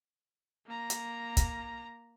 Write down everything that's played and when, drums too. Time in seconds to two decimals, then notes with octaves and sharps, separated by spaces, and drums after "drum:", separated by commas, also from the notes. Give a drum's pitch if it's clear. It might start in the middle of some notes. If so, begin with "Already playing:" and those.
0.66 A#3 A#5
0.90 drum: hi-hat
1.37 drum: kick, hi-hat